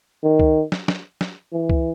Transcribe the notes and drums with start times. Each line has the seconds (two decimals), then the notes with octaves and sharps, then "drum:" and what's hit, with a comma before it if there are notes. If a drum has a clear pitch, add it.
0.23 D#3
0.40 drum: kick C#2
0.72 drum: snare
0.88 drum: snare
1.21 drum: snare
1.53 E3
1.70 drum: kick C#2